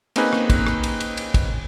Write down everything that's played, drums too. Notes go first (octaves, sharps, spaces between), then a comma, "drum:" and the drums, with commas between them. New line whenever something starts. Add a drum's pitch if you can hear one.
A#3 C4 C#4 D#4 G#4 B4, drum: cymbal
drum: rim click
drum: kick, cymbal
drum: rim click
drum: cymbal
drum: cymbal
drum: cymbal
drum: kick, cymbal